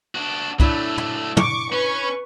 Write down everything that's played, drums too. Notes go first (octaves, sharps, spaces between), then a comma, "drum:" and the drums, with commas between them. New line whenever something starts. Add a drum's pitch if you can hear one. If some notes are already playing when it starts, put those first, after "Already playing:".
D4 F#4
F#3 A3 D4 E4, drum: kick
drum: tom
C#6 D6, drum: tom
C#4 B4 C#6